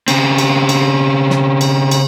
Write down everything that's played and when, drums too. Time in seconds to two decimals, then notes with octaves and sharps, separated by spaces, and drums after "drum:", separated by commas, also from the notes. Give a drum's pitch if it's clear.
0.08 C#3 C4, drum: cymbal
0.38 drum: cymbal
0.69 drum: cymbal
1.30 drum: snare
1.61 drum: cymbal
1.91 drum: cymbal